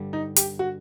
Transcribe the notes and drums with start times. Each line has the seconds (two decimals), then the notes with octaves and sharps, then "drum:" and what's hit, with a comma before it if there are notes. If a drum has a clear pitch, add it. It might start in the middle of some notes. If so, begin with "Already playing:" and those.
Already playing: G2 D3 G3
0.13 D#4
0.36 G4, drum: hi-hat
0.59 F#4